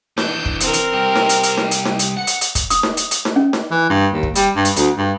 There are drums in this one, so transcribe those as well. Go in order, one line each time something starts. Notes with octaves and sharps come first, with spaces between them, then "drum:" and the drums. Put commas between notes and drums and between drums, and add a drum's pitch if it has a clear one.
E3 D4 G6, drum: snare D#4
drum: kick
C4 A#4, drum: hi-hat
drum: hi-hat
C2 G4
drum: snare D#4
drum: hi-hat
drum: hi-hat
drum: snare D#4
drum: hi-hat
drum: snare D#4
drum: hi-hat
F#5 C#7
drum: hi-hat
drum: hi-hat
drum: kick, hi-hat
D#6, drum: hi-hat
drum: snare D#4
drum: hi-hat
drum: hi-hat
drum: snare D#4
C#4
drum: snare D#4
E3
G2
D#2
drum: kick
G3, drum: hi-hat
G2
drum: hi-hat
D2, drum: hi-hat
G2